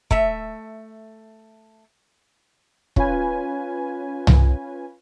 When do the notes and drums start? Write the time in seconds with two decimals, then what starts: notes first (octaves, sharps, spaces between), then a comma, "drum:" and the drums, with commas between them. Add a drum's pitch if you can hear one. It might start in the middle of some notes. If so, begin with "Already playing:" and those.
0.11 A3 E5, drum: kick
2.96 C#4 F4 B4 G#5, drum: kick
4.27 drum: tom C2